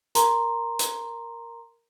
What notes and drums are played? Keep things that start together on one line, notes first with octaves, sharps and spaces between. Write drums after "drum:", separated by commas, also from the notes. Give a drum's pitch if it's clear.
A#4 A#5 C6, drum: hi-hat
drum: hi-hat